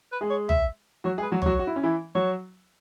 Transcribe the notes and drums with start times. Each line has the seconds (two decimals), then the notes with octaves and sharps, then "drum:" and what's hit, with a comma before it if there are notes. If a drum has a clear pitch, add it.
0.12 B4
0.21 G#3 G#4
0.30 C#5
0.49 E5, drum: tom B1
1.04 F#3 F#4 C#5
1.18 G#3 G#4
1.22 B4
1.31 F#3 F#4
1.42 F#3 F#4 C#5, drum: tom B1
1.59 F#4
1.67 E4
1.76 C#4
1.83 E3 E4
2.15 F#3 F#4 C#5